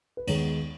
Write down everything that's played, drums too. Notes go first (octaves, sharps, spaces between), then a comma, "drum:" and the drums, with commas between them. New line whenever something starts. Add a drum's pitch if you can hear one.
B4
D#2 D#3 G#3 B3 D#4 C#5, drum: cymbal